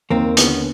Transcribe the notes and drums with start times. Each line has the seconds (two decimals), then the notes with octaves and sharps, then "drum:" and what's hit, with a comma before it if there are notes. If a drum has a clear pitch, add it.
0.10 D#2 A#3 C4
0.37 D3 B3 C#4, drum: hi-hat